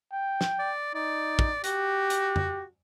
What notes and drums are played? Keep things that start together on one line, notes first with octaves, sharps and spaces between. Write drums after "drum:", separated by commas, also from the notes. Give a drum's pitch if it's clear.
G5
drum: snare
D5
D#4 D5
drum: kick
F#4 G4, drum: hi-hat
drum: hi-hat
drum: tom F2